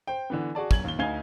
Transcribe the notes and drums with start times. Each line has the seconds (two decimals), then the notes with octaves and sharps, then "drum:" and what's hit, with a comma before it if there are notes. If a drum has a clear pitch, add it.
0.07 C5 G5
0.30 D3 E3 B3
0.55 F#4 G#4 D5 A5
0.71 F#2 G#6 F#7, drum: kick
0.84 D#2 G7
0.99 D2 D#4 F5 G#5 G#6 G7